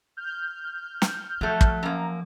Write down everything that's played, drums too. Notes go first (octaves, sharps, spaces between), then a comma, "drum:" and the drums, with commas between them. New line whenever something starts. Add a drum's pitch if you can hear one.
F6 G6
drum: snare
F3 F#3 A3
drum: kick
F#2 A#3 A#5